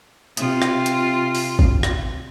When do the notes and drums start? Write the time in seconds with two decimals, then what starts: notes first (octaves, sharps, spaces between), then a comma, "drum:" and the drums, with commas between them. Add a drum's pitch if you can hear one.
0.37 C3 F4, drum: hi-hat
0.62 drum: rim click
0.86 drum: hi-hat
1.35 drum: open hi-hat
1.59 drum: kick G#1
1.83 drum: rim click